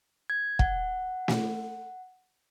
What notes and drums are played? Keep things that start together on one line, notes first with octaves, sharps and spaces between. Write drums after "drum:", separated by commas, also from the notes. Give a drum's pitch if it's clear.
G#6
F#5, drum: kick
drum: snare